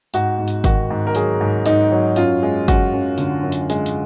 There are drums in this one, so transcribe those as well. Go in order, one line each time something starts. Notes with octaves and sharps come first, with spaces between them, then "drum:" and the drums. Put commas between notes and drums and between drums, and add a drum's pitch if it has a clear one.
G#2 F#4, drum: hi-hat
G#2
drum: hi-hat
D#3 F#4, drum: kick, hi-hat
G#2
A#4
F#3 G#4, drum: hi-hat
G#2
G#2 D#4, drum: hi-hat
F#3
F#2 F4, drum: hi-hat
G#3
F#2 F#4, drum: kick, hi-hat
F#2
D3, drum: hi-hat
F#2
drum: hi-hat
G#3, drum: hi-hat
drum: hi-hat